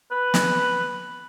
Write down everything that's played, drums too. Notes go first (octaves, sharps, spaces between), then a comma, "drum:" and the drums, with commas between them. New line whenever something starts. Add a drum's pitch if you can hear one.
B4
drum: snare